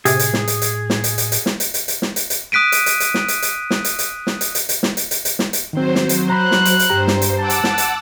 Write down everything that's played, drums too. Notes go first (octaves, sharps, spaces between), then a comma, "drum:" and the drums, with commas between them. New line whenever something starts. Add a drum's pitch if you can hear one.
A2 C3 G#4, drum: hi-hat
drum: hi-hat
drum: snare
drum: hi-hat
drum: hi-hat
drum: snare
drum: hi-hat
drum: hi-hat
drum: hi-hat
drum: snare
drum: hi-hat
drum: hi-hat
drum: hi-hat
drum: snare
drum: hi-hat
drum: hi-hat
D#6 F#6 B6 D7 D#7
drum: hi-hat
drum: hi-hat
drum: hi-hat
drum: snare
drum: hi-hat
drum: hi-hat
drum: snare
drum: hi-hat
drum: hi-hat
drum: snare
drum: hi-hat
drum: hi-hat
drum: hi-hat
drum: snare
drum: hi-hat
drum: hi-hat
drum: hi-hat
drum: snare
drum: hi-hat
D#3 F#3 C4 C5
drum: snare
drum: hi-hat
A#5 B5 F#6
drum: snare
drum: hi-hat
drum: hi-hat
G2 G4 C5 A#5
drum: snare
drum: hi-hat
F#5 A5 D6 E6
drum: hi-hat
drum: snare
drum: hi-hat